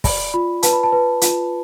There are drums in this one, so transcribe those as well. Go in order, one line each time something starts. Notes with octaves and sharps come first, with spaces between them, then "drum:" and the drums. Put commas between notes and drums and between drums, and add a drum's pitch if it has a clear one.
D5 B5, drum: kick, open hi-hat
F4 B5
B4 A5, drum: hi-hat
B5
A5
B4
F4, drum: hi-hat